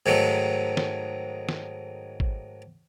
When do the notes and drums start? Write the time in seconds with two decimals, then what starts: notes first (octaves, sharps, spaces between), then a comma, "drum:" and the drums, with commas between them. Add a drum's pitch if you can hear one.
0.06 G#2 D#3 F#3 G#3 A3
0.77 drum: snare
1.49 drum: snare
2.20 drum: kick